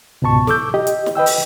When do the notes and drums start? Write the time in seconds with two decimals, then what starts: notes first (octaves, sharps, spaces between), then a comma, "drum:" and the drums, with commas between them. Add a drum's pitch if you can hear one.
0.22 C#2 G#2 B2 A5 C#6
0.47 A4 D6 E6 G6, drum: snare
0.74 G4 D#5
0.87 drum: hi-hat
1.06 drum: snare
1.15 B4 D#5 G5 E6
1.26 drum: open hi-hat